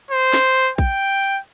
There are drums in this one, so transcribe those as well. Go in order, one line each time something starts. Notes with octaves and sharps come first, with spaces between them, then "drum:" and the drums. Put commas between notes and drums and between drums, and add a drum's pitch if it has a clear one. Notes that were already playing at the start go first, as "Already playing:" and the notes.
C5
drum: snare
G5, drum: kick A#1, tambourine
drum: tambourine